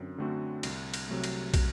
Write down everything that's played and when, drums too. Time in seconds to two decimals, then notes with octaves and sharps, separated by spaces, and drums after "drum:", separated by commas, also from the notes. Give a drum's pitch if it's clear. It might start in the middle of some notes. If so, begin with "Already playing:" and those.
Already playing: F#2 D3 C4
0.18 D3 A3 C4 F#4
0.63 C2, drum: cymbal
0.94 drum: cymbal
1.09 C3 F#3 A3
1.24 drum: cymbal
1.54 drum: kick, cymbal